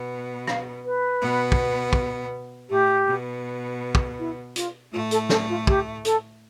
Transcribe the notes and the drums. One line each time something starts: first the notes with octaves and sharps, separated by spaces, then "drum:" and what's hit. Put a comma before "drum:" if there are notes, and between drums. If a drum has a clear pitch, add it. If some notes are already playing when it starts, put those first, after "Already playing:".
Already playing: B2 B3
F5, drum: rim click
B4
B2 B3
drum: kick
drum: kick
A2 A3 G4
B2 B3
drum: kick
E4
F4, drum: hi-hat
A2 A3 F4
A4, drum: hi-hat
A4, drum: snare
F4
G4, drum: kick
A4, drum: hi-hat